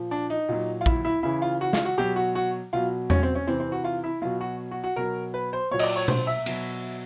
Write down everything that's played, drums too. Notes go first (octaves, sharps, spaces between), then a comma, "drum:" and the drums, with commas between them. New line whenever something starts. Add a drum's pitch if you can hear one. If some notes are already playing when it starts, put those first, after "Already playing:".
Already playing: A#2 F3
D4
D#4
A#2 F#3
F4
E4, drum: kick A#1
E4
C#3 E3 E4
F4
F#4
F4, drum: snare
F#4
B2 F#3 G4
F#4
F#4
B2 F#3 F4
C#4, drum: tom E2
C4
C#4
C3 E3 C4
C4
F#4
F4
E4
B2 F#3 F4
F#4
F#4
F#4
B2 F#3 A#4
B4
C5
A#2 F#3 C#5
D#5, drum: cymbal
D5
C#5
C5, drum: tom B2
E5
B2 F#3, drum: cymbal